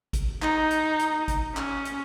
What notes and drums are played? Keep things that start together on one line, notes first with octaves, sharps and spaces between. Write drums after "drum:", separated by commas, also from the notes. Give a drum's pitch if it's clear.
drum: kick G#1, hi-hat
D#4, drum: clap
drum: hi-hat
drum: hi-hat
drum: kick G#1, hi-hat
C#4, drum: clap
drum: hi-hat